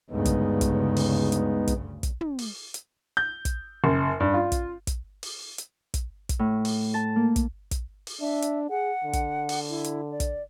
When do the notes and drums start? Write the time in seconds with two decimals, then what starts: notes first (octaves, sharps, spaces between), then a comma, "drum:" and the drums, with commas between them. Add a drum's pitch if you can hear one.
0.10 D2 G2 C#3 G#3 B3 D#4
0.25 drum: kick, hi-hat
0.61 drum: kick, hi-hat
0.96 drum: open hi-hat
1.32 drum: hi-hat
1.68 drum: kick, hi-hat
2.03 drum: kick, hi-hat
2.21 drum: tom
2.39 drum: open hi-hat
2.74 drum: hi-hat
3.17 G6
3.45 drum: kick, hi-hat
3.84 F#1
4.20 G2
4.34 F4
4.52 drum: kick, hi-hat
4.87 drum: kick, hi-hat
5.23 drum: open hi-hat
5.58 drum: hi-hat
5.94 drum: kick, hi-hat
6.29 drum: kick, hi-hat
6.39 A2
6.65 drum: open hi-hat
6.94 A5
7.16 A#3
7.36 drum: kick, hi-hat
7.71 drum: kick, hi-hat
8.07 drum: open hi-hat
8.21 D4 E5
8.42 drum: hi-hat
8.70 G#4 F#5
9.04 D3
9.13 drum: kick, hi-hat
9.49 drum: open hi-hat
9.69 E4
9.84 drum: hi-hat
10.11 D5
10.20 drum: kick, hi-hat